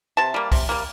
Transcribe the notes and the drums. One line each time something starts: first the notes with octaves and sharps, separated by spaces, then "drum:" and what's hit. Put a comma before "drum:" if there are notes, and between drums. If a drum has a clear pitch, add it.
C3 A5
G3 A#3
C3, drum: kick B1, open hi-hat
G3 A#3